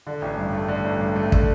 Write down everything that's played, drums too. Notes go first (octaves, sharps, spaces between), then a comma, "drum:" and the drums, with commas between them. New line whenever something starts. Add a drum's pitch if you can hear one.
D3
A1
G2
A3
D3
A1
G2
A3
D3, drum: kick